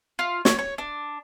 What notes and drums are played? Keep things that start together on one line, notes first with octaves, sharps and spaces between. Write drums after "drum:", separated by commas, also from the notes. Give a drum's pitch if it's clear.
F4
C#5, drum: snare
C#5
D4